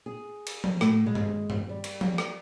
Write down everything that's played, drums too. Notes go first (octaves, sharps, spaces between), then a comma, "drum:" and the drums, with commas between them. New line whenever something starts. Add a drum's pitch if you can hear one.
G#4
drum: cymbal
drum: tom F3
A2, drum: rim click
G#3
drum: tom G2
drum: tom G2
G3
drum: cymbal
drum: tom F3
drum: rim click